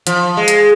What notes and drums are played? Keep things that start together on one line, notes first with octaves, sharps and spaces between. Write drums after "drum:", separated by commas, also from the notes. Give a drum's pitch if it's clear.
F3, drum: hi-hat
G#3
drum: hi-hat